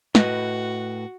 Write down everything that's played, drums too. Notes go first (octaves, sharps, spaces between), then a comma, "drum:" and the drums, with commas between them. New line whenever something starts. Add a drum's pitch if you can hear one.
A2 F#4 B4 D#5, drum: snare